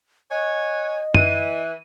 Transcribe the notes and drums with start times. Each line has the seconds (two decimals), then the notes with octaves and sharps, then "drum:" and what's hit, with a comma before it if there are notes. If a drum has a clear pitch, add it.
0.31 C#5 D#5 F#5 G#5
1.14 E3 D#7, drum: tom